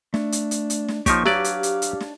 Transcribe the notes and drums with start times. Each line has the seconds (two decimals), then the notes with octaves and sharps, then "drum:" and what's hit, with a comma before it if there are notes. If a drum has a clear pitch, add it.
0.14 A3 D4, drum: snare
0.32 drum: hi-hat
0.51 drum: hi-hat
0.70 drum: hi-hat
0.88 drum: snare
1.06 F3 A#3 D#4 G4 C#5 C#6, drum: kick, hi-hat
1.26 F#3 D4 G4 B4 C#5 D5 F5, drum: snare
1.44 drum: hi-hat
1.63 drum: hi-hat
1.82 drum: hi-hat
2.00 drum: snare